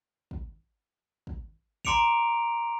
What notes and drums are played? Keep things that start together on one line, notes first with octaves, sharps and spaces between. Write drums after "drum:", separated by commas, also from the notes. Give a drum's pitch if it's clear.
drum: kick
drum: kick
A#5 C6 D6 C#7 D7 F7, drum: kick